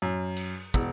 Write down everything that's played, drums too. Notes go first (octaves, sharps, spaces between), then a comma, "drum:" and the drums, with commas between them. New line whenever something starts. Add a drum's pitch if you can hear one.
F#2
drum: cymbal
E1, drum: kick